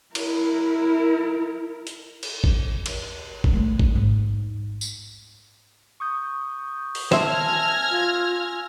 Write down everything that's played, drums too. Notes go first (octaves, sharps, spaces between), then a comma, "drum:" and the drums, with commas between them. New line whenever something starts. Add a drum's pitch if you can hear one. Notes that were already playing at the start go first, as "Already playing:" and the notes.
E4 A#4, drum: cymbal
drum: hi-hat
drum: cymbal
drum: kick
drum: cymbal
drum: kick
G#3 A3
drum: kick
G#2
drum: tambourine
C#6 D#6 G6
drum: open hi-hat
C5 E5 A5 F6 G#6 A#6, drum: snare
G#5 E6
F4